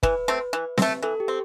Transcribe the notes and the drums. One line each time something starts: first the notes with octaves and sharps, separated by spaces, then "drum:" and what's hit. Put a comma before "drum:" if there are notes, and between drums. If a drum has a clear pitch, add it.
E3 B4, drum: kick
A3 C4
E3
C4, drum: snare C4
A3
E3 A4
G4
C4